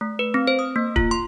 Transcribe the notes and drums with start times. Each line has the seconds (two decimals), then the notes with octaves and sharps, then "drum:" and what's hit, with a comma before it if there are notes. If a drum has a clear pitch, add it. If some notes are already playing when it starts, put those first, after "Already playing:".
0.01 A3
0.19 B4
0.34 C4
0.47 C5
0.59 D#6
0.76 A#3
0.96 F4, drum: kick
1.11 C6